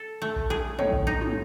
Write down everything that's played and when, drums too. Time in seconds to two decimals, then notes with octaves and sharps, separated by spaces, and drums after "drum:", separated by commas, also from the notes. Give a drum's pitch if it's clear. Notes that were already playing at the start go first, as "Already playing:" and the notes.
Already playing: A4
0.22 A3
0.36 drum: kick A#1
0.50 G#4, drum: rim click
0.79 A2 C#5, drum: tom
0.93 drum: kick A#1
1.07 D#4
1.21 drum: tom